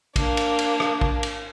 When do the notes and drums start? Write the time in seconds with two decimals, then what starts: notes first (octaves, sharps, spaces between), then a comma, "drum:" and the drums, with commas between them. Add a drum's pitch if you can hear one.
0.16 A#3 D4, drum: kick A#1, cymbal
0.37 drum: cymbal
0.59 drum: cymbal
0.80 drum: rim click
1.01 drum: kick A#1
1.23 drum: cymbal